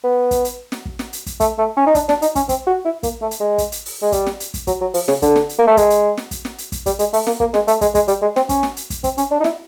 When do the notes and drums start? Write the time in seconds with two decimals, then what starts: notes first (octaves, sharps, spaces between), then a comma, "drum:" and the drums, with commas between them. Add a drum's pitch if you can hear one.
0.04 B3
0.31 drum: kick, hi-hat
0.45 drum: hi-hat
0.72 drum: snare
0.86 drum: kick
0.99 drum: snare
1.13 drum: hi-hat
1.26 drum: kick, hi-hat
1.40 A3, drum: kick, hi-hat
1.59 A3
1.77 C#4
1.87 D#4
1.95 D4, drum: kick, hi-hat
2.09 D4, drum: snare
2.22 D#4, drum: hi-hat
2.35 C#4, drum: kick, hi-hat
2.49 C4, drum: kick, hi-hat
2.67 F#4
2.85 E4
3.03 A#3, drum: kick, hi-hat
3.22 A3
3.31 drum: hi-hat
3.40 G#3
3.58 drum: kick, hi-hat
3.72 drum: hi-hat
3.86 drum: open hi-hat
4.02 G#3
4.12 G3, drum: kick, hi-hat
4.26 drum: snare
4.40 drum: hi-hat
4.54 drum: kick, hi-hat
4.67 F#3, drum: kick, hi-hat
4.81 F#3
4.94 F3, drum: open hi-hat
5.08 C#3, drum: snare
5.22 D3, drum: kick, hi-hat
5.36 drum: snare
5.49 drum: hi-hat
5.59 A#3
5.67 A3
5.77 G#3, drum: kick, hi-hat
5.90 drum: hi-hat
6.17 drum: snare
6.31 drum: kick, hi-hat
6.45 drum: snare
6.58 drum: hi-hat
6.72 drum: kick, hi-hat
6.86 G3, drum: kick, hi-hat
6.99 G#3, drum: hi-hat
7.13 A3, drum: open hi-hat
7.27 A#3, drum: snare
7.40 A#3, drum: kick
7.54 G#3, drum: snare
7.68 A3, drum: hi-hat
7.81 G#3, drum: kick, hi-hat
7.95 G#3, drum: kick, hi-hat
8.08 G3, drum: hi-hat
8.22 G#3
8.36 C4, drum: snare
8.49 C#4, drum: kick, hi-hat
8.63 drum: snare
8.77 drum: hi-hat
8.90 drum: kick, hi-hat
9.04 C4, drum: kick, hi-hat
9.18 C#4, drum: hi-hat
9.31 D4
9.40 D#4
9.44 E4, drum: snare